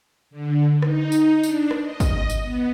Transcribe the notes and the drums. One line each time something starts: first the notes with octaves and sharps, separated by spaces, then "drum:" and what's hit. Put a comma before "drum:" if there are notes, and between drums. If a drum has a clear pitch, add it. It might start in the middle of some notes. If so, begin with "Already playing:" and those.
D3
D#4, drum: rim click
drum: tambourine
D4, drum: tambourine
drum: rim click
D#5
drum: kick, tambourine
drum: tambourine
B3